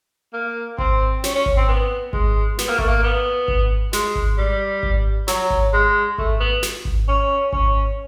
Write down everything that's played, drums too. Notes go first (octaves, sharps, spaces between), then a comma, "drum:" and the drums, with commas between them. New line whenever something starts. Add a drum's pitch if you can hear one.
A#3
C4, drum: kick G#1
C#4, drum: snare
C#4
drum: kick G#1
C4
B3
G#3, drum: kick G#1
B3, drum: snare
A#3
A3, drum: kick G#1
A#3
B3
drum: kick G#1
G#3, drum: snare
drum: kick G#1
G3
drum: kick G#1
F#3, drum: snare
drum: kick G#1
G#3
A3, drum: kick G#1
B3
drum: snare
drum: kick G#1
C#4
C#4, drum: kick G#1